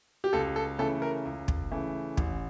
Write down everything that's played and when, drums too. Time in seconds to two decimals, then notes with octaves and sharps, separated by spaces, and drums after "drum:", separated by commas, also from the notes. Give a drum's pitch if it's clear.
0.24 G4
0.33 C#2 A4
0.56 A4
0.79 C#3 E3 A3 A4
1.02 A#4
1.25 C#2
1.48 drum: kick
1.71 C#3 E3 A3
2.17 A1, drum: kick